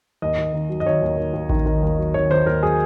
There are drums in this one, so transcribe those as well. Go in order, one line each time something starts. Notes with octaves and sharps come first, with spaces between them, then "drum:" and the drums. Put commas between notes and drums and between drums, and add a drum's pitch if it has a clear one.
D#2 D#5
D#2
D#3
F#3
D#5
D#3 C#5
D#2
D#3
D#2
D#3, drum: kick A1
D#3
D#2
F#3
D#3 C#5
D#3 C5
D#2 A#4
F#3 G#4